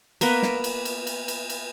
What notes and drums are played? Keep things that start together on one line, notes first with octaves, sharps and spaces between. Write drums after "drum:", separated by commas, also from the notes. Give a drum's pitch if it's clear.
A#3 B3 A#4 B4, drum: cymbal
drum: snare
drum: cymbal
drum: cymbal
drum: cymbal
drum: cymbal
drum: cymbal